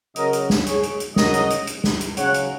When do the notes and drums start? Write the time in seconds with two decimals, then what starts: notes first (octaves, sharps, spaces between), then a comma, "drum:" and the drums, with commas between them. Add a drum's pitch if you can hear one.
0.16 C#3 F#3 A#4 D#5, drum: hi-hat
0.33 drum: hi-hat
0.50 drum: snare
0.66 G#4 C#5, drum: hi-hat
0.83 drum: hi-hat
1.00 drum: hi-hat
1.16 C#3 F#3 A#4 D#5, drum: snare
1.34 drum: hi-hat
1.50 drum: hi-hat
1.67 drum: hi-hat
1.84 drum: snare
2.01 drum: hi-hat
2.17 C#3 F#3 C#5 F#5, drum: hi-hat
2.34 drum: hi-hat